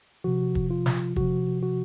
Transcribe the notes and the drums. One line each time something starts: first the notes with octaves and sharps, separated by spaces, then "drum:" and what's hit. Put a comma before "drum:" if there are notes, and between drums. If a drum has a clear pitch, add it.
C3 F3 F#4
drum: kick
F4
drum: snare
C3 F3 F#4, drum: kick
F#4